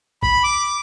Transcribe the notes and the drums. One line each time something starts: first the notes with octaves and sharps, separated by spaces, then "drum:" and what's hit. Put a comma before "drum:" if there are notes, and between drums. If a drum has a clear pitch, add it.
B5, drum: kick B1
D6